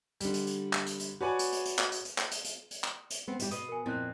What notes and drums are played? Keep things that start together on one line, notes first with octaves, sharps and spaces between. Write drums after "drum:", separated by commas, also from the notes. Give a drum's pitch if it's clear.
D3 G3, drum: hi-hat
drum: hi-hat
drum: hi-hat
drum: clap
drum: hi-hat
drum: hi-hat
F#4 B4 C#5 D5 G#5
drum: hi-hat
drum: hi-hat
drum: hi-hat
drum: clap
drum: hi-hat
drum: hi-hat
drum: clap
drum: hi-hat
drum: hi-hat
drum: hi-hat
drum: clap
drum: hi-hat
B3 C4
G3 G4, drum: hi-hat
B2 B4 D#6, drum: hi-hat
A#4 G#5
F2 A#2 C4 E4 G#5 F#6